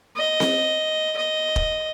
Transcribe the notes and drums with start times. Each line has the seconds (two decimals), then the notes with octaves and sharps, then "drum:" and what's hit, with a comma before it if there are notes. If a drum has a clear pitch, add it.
0.17 D#5
0.40 drum: snare C4
1.17 D#5
1.56 drum: kick